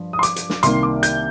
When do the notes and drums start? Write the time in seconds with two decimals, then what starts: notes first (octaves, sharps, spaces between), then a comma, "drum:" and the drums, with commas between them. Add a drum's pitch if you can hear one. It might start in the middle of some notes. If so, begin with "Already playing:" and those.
Already playing: G2 F3
0.13 D#6
0.19 C6
0.23 D6, drum: hi-hat
0.36 drum: hi-hat
0.50 drum: snare
0.63 C2 C3 D#3 A#3 C6, drum: hi-hat
0.83 D6
1.03 G6, drum: hi-hat